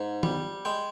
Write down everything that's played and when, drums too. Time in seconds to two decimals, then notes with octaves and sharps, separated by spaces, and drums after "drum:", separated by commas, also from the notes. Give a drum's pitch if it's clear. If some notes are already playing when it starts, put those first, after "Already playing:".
Already playing: G#2
0.23 G3, drum: tom D#3
0.65 G#3 G5